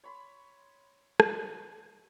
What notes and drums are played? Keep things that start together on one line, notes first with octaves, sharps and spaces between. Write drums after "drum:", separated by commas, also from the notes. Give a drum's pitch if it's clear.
C#5 B5 C6
drum: rim click